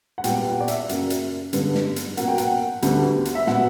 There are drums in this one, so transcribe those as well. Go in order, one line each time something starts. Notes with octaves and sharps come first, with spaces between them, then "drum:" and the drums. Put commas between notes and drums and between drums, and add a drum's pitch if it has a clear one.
F#5
A#2 G3 B3 G5, drum: hi-hat
F#5
D5
E5, drum: hi-hat
F#2 C#3 F#3 A#3, drum: hi-hat
drum: hi-hat
G2 D3 G3 B3, drum: hi-hat
drum: snare
drum: hi-hat
B2 F#3 A#3 F#5, drum: hi-hat
G5
F#5, drum: hi-hat
D2 D3 G3 B3, drum: hi-hat
drum: hi-hat
E5
A#2 F#3 B3 F#5, drum: snare